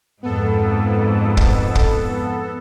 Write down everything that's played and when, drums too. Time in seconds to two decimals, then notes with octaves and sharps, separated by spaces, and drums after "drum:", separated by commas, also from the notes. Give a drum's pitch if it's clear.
0.23 F2 G#2 B3 A4
1.37 drum: kick
1.75 drum: kick